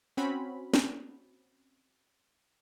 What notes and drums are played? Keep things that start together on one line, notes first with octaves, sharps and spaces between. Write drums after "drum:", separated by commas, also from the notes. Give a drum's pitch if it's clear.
C4 C#4 F#4 B5
drum: snare